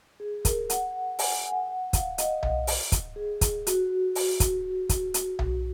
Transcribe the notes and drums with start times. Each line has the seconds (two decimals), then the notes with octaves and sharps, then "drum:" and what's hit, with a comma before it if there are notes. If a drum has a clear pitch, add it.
0.20 G#4
0.45 A#4, drum: kick, hi-hat
0.70 F#5, drum: hi-hat
1.19 G#5, drum: open hi-hat
1.35 G#5
1.52 F#5
1.68 F#5
1.93 F5, drum: kick, hi-hat
2.18 D#5, drum: hi-hat
2.43 drum: tom B1
2.67 drum: open hi-hat
2.92 drum: kick, hi-hat
3.16 G#4
3.41 drum: kick, hi-hat
3.67 F#4, drum: hi-hat
4.15 drum: open hi-hat
4.40 drum: kick, hi-hat
4.89 drum: kick, hi-hat
5.14 drum: hi-hat
5.39 drum: tom B1